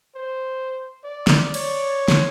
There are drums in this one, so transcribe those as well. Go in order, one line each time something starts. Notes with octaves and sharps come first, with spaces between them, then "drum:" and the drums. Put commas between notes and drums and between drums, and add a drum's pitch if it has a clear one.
C5
D5
drum: snare
C#5, drum: cymbal
drum: snare